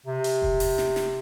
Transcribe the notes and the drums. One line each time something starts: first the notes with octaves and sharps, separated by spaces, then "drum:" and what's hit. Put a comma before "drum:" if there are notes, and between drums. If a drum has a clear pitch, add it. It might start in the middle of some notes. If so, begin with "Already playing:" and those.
C3
drum: hi-hat
drum: kick E1
drum: open hi-hat
drum: snare
drum: snare